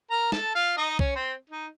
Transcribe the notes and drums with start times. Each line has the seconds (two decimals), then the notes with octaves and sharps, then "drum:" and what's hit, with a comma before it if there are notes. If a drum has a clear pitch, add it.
0.11 A#4 A#5
0.32 A4 A5, drum: snare
0.55 F4 F5
0.77 D#4 D#5
0.90 D#5
0.99 C#4 C#5, drum: kick B1
1.16 C4 C5
1.49 D#4